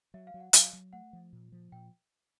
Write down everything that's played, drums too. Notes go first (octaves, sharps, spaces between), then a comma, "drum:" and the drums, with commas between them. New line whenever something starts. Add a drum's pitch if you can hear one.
F#3 E5
F5
F#3
F#5
F#3 F5, drum: hi-hat
F#3
A3 F#5
F3
A#2
F3
A#2 G5